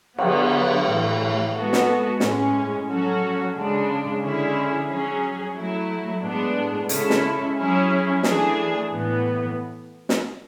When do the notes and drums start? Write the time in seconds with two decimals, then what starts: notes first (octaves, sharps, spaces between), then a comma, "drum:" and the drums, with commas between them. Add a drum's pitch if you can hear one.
0.18 D3 F#3 B3, drum: cymbal
0.86 A2 E3 A3
1.53 G#3 B3 F#4 A4
1.73 drum: snare
2.20 A2 G#3 C#4, drum: snare
2.87 F#3 C#4 F#4 A4
3.54 C#3 G#3 D4
4.21 D3 G#3 C#4 E4 G#4
4.88 F#3 C#4 G#4
5.55 F#3 A3 E4
6.22 A2 G#3 B3 D4
6.89 C#3 G#3 C#4 E4 A4, drum: hi-hat
7.10 drum: snare
7.56 F#3 C#4 E4 G#4
8.23 E3 A3 D4 G#4, drum: snare
8.90 A2 E3 B3
10.09 drum: snare